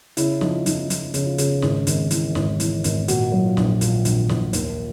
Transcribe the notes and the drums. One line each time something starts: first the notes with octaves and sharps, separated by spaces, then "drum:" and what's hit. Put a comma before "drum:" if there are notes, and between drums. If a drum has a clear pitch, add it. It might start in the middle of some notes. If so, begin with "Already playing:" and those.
C#3 E4, drum: hi-hat
F3 D#4, drum: snare
F3 D#4, drum: hi-hat
F3, drum: hi-hat
C#3, drum: hi-hat
F4
C#3, drum: hi-hat
G#1, drum: snare
G#1, drum: hi-hat
E3, drum: hi-hat
G#1, drum: snare
E3, drum: hi-hat
G#1, drum: hi-hat
A#2 F#4, drum: hi-hat
F#3
F4
A#1, drum: snare
A#2 F4, drum: hi-hat
A#1, drum: hi-hat
A#1, drum: snare
D#2, drum: hi-hat